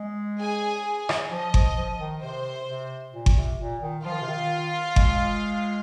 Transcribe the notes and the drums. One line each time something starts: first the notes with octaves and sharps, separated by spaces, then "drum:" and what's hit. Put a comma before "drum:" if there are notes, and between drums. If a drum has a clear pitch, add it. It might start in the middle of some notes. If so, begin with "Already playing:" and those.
Already playing: G#3
G#4 G#5
drum: rim click
F3 D#5
F3, drum: kick G1
F3
D#3
C3 C5
C3
A#2
drum: kick G1
C3
A#2
D#3
F3 F4 F5
D#3
C3
D#3
G#3, drum: kick G1